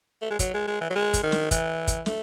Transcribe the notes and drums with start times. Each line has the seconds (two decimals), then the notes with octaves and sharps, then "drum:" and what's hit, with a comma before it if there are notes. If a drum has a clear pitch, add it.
0.22 A3
0.31 G#3
0.39 F#3, drum: kick, hi-hat
0.54 G#3
0.67 G#3
0.81 E3
0.90 F#3
0.95 G#3
1.14 drum: kick, hi-hat
1.23 D#3
1.32 drum: snare
1.51 E3, drum: kick, hi-hat
1.88 drum: kick, hi-hat
2.06 A3, drum: snare